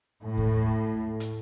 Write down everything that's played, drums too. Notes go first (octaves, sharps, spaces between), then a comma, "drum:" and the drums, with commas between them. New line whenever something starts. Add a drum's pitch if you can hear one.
A2
drum: kick D#2
drum: hi-hat